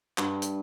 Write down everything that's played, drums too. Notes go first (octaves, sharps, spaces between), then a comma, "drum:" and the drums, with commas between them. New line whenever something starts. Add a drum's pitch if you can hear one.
G2, drum: clap
drum: hi-hat